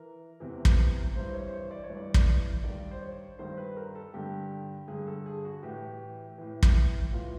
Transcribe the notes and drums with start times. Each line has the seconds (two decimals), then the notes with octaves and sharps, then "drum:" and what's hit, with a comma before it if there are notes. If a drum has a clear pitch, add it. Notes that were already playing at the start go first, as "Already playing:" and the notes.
Already playing: E3 A#4
0.40 E2 C3 E3
0.65 drum: kick
1.15 G2 E3 C5
1.34 C#5
1.48 C5
1.53 C#5
1.71 D5
1.84 C#5
1.89 G2 E3
1.97 D5
2.14 drum: kick
2.64 G2 D#3 D5
2.91 C5
3.02 C#5
3.39 G2 D#3 C5
3.57 B4
3.76 A#4
3.95 A4
4.14 G2 D3 G4
4.88 G2 D3 G#4
5.07 A4
5.26 G#4
5.44 F#4
5.63 A2 E3 G4
6.38 A2 E3
6.63 drum: kick
7.12 A2 E3 F4